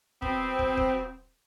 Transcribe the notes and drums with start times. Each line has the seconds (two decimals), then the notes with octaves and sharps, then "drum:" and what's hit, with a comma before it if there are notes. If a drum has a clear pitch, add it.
0.22 F#3 B3 C4, drum: kick
0.59 drum: kick
0.77 drum: kick